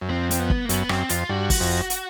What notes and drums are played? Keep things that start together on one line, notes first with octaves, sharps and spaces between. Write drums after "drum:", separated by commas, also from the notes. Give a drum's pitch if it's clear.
F#2
F2 C4
C4, drum: hi-hat
B3
drum: kick
A#3
F#2 B3, drum: hi-hat
F#2 C4, drum: rim click
F2 F4, drum: hi-hat
G2 F#4
drum: kick, open hi-hat
F2
drum: hi-hat